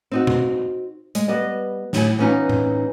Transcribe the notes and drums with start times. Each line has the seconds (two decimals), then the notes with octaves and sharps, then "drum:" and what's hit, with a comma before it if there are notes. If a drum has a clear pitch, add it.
0.11 C4 D#4 F#4
0.27 drum: tom B2
1.15 G#3, drum: hi-hat
1.28 G3 B3 D#5
1.93 A2 E4 G#5, drum: snare
2.19 E3 B3 C#4 D#4 F4
2.49 drum: tom A2